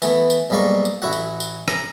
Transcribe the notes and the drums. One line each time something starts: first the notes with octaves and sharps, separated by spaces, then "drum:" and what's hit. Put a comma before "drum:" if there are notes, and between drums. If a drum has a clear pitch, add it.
E3 A3 B3, drum: tambourine
drum: tambourine
B1 G#2 G3 A#3 D5 C#6
drum: tambourine
A1 E4 F#4 F#5
drum: tambourine
drum: tambourine
A#5, drum: rim click